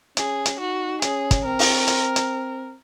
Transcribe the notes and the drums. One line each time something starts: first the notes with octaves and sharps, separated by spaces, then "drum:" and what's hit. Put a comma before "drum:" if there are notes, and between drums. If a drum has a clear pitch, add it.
C#4 G#4, drum: hi-hat
drum: hi-hat
D#4 F#4
C#4 G#4, drum: hi-hat
drum: kick, hi-hat
C4 A#4
drum: open hi-hat
drum: hi-hat
drum: hi-hat